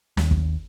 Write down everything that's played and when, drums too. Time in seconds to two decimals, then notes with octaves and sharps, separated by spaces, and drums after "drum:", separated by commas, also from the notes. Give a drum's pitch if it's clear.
0.17 D#2, drum: snare
0.31 drum: kick